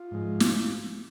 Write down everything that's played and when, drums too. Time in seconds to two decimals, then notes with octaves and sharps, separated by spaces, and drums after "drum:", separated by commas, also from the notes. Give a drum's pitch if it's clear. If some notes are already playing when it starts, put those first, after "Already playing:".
Already playing: F4
0.11 G#2 F3 G#3
0.40 drum: snare